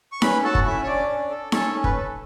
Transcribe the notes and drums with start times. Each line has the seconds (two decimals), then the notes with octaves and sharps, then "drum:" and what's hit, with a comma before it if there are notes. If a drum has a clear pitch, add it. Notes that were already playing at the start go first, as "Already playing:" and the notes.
0.12 C#6
0.22 C#4 B4 B5, drum: snare D#4
0.43 F#4 A4 A5
0.55 drum: kick
0.65 C#4 E4 E5
0.83 C#5
0.87 C#4 D4 D5
1.09 C#4
1.30 A4
1.52 C#4 A4 C#5, drum: snare D#4
1.73 C#4
1.84 B4, drum: kick
1.96 A4